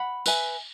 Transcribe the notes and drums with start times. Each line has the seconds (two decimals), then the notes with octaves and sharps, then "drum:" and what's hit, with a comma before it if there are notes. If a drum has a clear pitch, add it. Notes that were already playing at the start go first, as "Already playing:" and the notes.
Already playing: F#5 B5
0.26 B4 E5 G#5, drum: tambourine